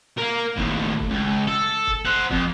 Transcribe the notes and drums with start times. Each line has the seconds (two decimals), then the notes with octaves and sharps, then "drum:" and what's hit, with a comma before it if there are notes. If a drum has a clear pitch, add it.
0.18 A#4 F5
0.57 D#2 A2, drum: kick
1.00 drum: kick
1.10 C#2
1.47 A4
1.87 drum: kick
2.05 C5 F#5
2.30 F2, drum: kick